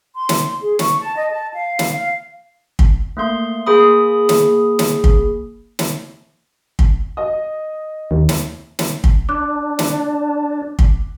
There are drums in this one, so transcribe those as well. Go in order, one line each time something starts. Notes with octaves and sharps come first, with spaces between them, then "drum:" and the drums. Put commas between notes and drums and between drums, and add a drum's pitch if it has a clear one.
C6
drum: snare
G#4
C#6, drum: snare
A5
D#5
A5
F5
drum: snare
F5
drum: kick
A3 A#3 C6
A#3 G#4 B5 D#6
drum: snare
drum: snare
drum: kick
drum: snare
drum: kick
D#5
D#2
drum: snare
drum: snare
drum: kick
D4 D6 F#6
drum: snare
drum: kick